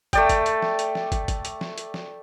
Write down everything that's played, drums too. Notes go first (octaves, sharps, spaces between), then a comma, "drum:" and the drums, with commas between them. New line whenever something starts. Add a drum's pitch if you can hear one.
A3 D5 G5, drum: kick, hi-hat
drum: kick, hi-hat
drum: hi-hat
drum: snare
drum: hi-hat
drum: snare
drum: kick, hi-hat
drum: kick, hi-hat
drum: hi-hat
drum: snare
drum: hi-hat
drum: snare